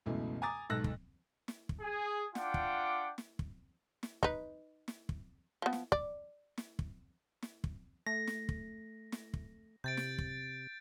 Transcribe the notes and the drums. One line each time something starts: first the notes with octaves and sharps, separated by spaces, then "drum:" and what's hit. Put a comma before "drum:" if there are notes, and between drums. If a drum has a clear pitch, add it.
C#2 F#2 B2 E3 A3
G#5 A#5 D6 D#6 A6
B1 G#2 A4 E6 F#6 A#6
drum: kick
drum: snare
drum: kick
G#4
D4 F4 F#5 G5 D6, drum: snare
drum: kick
drum: snare
drum: kick
drum: snare
D#4 B4, drum: kick
drum: snare
drum: kick
F3 B3
drum: snare
D5, drum: kick
drum: snare
drum: kick
drum: snare
drum: kick
A3 A#6
drum: snare
drum: kick
drum: snare
drum: kick
C3 G6 A6 D7
drum: snare
drum: kick